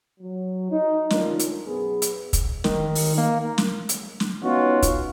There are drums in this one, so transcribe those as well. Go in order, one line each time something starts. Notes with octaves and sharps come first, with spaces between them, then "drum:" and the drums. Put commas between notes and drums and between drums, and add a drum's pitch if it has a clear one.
F#3
D#4
D2 C#4 D4 F4 A#4, drum: snare
drum: hi-hat
B1 F#2 B3 G#4
drum: hi-hat
drum: kick, hi-hat
D#3, drum: snare
drum: open hi-hat
A#3
drum: snare
drum: hi-hat
drum: snare
B3 C#4 D#4 F4 F#4
drum: kick, hi-hat